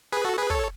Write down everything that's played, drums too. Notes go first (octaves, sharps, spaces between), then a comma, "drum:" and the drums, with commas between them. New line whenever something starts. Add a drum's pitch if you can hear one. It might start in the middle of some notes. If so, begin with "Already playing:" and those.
G#4 B4
F#4 A4
G#4 B4
A4 C#5, drum: kick